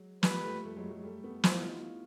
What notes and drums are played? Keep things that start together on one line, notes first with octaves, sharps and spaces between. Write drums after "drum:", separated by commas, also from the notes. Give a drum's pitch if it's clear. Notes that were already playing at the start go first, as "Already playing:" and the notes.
Already playing: F#3 G#3
F3 G3 B4, drum: snare
G3 A3
G3 A3
F#3 G#3
F#3 G#3
G3 A3
A3 B3
F4 C5, drum: snare
E4
D#4 F4